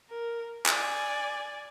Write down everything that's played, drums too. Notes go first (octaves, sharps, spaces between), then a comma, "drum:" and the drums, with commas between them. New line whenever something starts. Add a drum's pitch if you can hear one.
A#4
D5 G#5, drum: clap